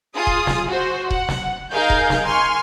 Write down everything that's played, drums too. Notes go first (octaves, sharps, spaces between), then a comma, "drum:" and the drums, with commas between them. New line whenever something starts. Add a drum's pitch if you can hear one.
F4 G#4 D#6
drum: kick E1
drum: snare
F#4 C5
F#5, drum: kick E1
drum: snare
D#4 G#4 A#4 F5 G6
drum: kick E1
drum: snare
G#5 C6 C#6 F6